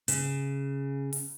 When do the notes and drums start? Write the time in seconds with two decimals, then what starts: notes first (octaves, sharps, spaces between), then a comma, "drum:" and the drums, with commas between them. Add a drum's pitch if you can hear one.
0.08 C#3, drum: hi-hat
1.13 drum: open hi-hat